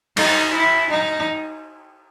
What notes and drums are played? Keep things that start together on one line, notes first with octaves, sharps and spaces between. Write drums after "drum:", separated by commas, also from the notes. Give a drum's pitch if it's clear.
D#4, drum: cymbal
E4
D#4